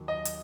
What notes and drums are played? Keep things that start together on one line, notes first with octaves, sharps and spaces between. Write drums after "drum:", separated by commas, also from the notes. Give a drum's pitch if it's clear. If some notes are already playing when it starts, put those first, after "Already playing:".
Already playing: D#2 D#3 F#3
D#5
drum: hi-hat